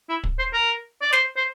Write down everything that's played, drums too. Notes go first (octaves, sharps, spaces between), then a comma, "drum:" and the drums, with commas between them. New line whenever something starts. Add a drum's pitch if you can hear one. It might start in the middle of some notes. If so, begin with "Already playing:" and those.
E4
drum: kick
C5
A#4
D5
C5, drum: snare
C5